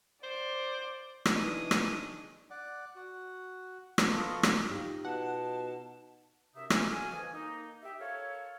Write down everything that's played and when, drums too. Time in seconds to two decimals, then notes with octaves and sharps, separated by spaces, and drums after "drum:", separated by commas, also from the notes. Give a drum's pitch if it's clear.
0.23 C5 D5
1.25 drum: rim click
1.36 E3 D4 D#4 G#4 D5 D#5 D#6
1.71 drum: rim click
2.51 D5 F#5
2.96 F#4
3.98 drum: rim click
4.11 B3 F4 A4 D#5 C#6
4.43 drum: rim click
4.69 D#4 F4 G4
5.05 B2 F#5 A5
6.56 F#2 C3 D#4 E5
6.70 G#3 F#4 A4 F5 G#5, drum: rim click
7.12 F2 E3 D#5 G#5
7.32 A#3 D#4
7.83 G4 E5
8.00 F4 A4 A#4 C#5